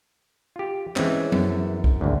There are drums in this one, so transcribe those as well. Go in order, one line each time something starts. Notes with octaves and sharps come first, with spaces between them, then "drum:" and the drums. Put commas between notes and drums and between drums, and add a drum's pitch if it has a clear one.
F4 G4
E3 G#3 C4 C#4, drum: clap
F#2, drum: tom F3
drum: kick B1
G#1 D2